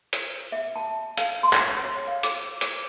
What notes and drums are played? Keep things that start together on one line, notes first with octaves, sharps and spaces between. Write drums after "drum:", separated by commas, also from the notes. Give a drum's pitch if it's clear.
drum: hi-hat
E5
A5
F5, drum: hi-hat
C6
drum: clap
C#5
F5
D6, drum: hi-hat
D6, drum: hi-hat